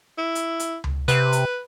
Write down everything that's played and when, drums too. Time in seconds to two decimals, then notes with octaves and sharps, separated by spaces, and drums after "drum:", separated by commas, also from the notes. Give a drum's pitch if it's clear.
0.18 E4
0.35 drum: hi-hat
0.60 drum: hi-hat
0.84 drum: tom C#2
1.08 C3 B4, drum: hi-hat
1.33 drum: hi-hat